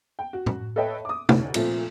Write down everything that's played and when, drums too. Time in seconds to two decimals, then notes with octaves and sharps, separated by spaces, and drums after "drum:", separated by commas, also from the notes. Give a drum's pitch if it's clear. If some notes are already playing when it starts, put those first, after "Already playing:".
0.19 G5
0.33 F#4
0.46 drum: tom A2
0.76 A4 B4 C#5 D#5 E5 G5
1.05 D6 D#6
1.29 F1 D2 C#5, drum: tom
1.54 A#2 F3 A3 C4, drum: cymbal